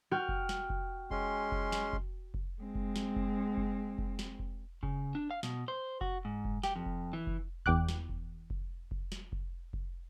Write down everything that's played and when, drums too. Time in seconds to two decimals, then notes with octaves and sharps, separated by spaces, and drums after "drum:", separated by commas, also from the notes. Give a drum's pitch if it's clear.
0.11 F#4 G5 F6
0.29 drum: kick F1
0.49 drum: snare
0.70 drum: kick F1
1.11 G#3 C#4 C6, drum: kick F1
1.52 drum: kick F1
1.72 drum: snare
1.93 drum: kick F1
2.34 drum: kick F1
2.62 G#3 C4
2.75 drum: kick F1
2.96 drum: snare
3.16 drum: kick F1
3.57 drum: kick F1
3.98 drum: kick F1
4.19 drum: snare
4.39 drum: kick F1
4.83 C#3, drum: kick F1
5.15 D4
5.31 F5
5.43 B2, drum: snare
5.68 C5
6.01 F#4, drum: kick F1
6.25 G#2
6.45 drum: kick F1
6.64 G4, drum: snare
6.76 F2
6.86 drum: kick F1
7.13 E3
7.27 drum: kick F1
7.66 E2 G5 D6 F#6, drum: kick F1
7.89 drum: snare
8.09 drum: kick F1
8.50 drum: kick F1
8.91 drum: kick F1
9.12 drum: snare
9.32 drum: kick F1
9.73 drum: kick F1